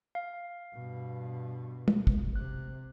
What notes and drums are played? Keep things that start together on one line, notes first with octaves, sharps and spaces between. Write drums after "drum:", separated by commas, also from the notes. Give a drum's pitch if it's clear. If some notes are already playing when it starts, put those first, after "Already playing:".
F5
G2 B2
drum: tom
drum: kick
C3 F#6